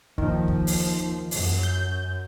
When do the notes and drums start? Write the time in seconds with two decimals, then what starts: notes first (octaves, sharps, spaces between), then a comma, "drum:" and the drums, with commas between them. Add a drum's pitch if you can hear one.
0.18 D#2 D#3 F3, drum: kick
0.48 drum: kick
0.67 drum: open hi-hat
1.31 F#2, drum: open hi-hat
1.63 G6